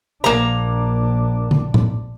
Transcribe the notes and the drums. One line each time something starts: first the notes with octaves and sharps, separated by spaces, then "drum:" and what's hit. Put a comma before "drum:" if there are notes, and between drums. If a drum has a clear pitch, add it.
A#1 A#3 D4 A#5
drum: tom
drum: tom A2